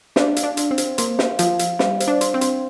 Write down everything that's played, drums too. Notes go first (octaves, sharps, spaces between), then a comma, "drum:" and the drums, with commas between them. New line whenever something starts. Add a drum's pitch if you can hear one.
D4 F5, drum: snare
F5, drum: hi-hat
D4
C6, drum: hi-hat
C4
C5, drum: hi-hat
A#3 C6, drum: hi-hat
F5, drum: snare
F3 F5, drum: hi-hat
F5, drum: hi-hat
G3 F5, drum: snare
C5, drum: hi-hat
D4
C6, drum: hi-hat
C4
C6, drum: hi-hat